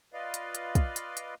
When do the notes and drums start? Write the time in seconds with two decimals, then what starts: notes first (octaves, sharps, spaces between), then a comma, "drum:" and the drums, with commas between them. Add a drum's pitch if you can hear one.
0.13 F4 B4 D5 D#5 F5
0.34 drum: hi-hat
0.55 drum: hi-hat
0.75 drum: kick, hi-hat
0.96 drum: hi-hat
1.17 drum: hi-hat